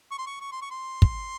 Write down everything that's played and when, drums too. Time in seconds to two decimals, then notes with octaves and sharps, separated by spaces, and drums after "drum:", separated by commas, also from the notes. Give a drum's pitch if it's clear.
0.11 C#6
0.19 C6
0.27 C#6
0.41 C#6
0.52 C6
0.62 C#6
0.71 C6
1.02 drum: kick